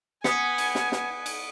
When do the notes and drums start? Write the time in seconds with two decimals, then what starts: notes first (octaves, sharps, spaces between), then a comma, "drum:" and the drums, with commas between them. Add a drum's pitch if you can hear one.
0.24 B3 G#5 D#6 B6 C#7, drum: snare
0.58 drum: cymbal
0.75 drum: snare
0.92 drum: snare
1.26 drum: cymbal